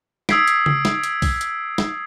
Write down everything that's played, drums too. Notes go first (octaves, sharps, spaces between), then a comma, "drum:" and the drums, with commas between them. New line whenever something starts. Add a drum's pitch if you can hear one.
D#6 E6 G#6 B6 C7 D7, drum: snare
drum: hi-hat
drum: tom C#3
drum: snare
drum: hi-hat
drum: kick, open hi-hat
drum: hi-hat
drum: snare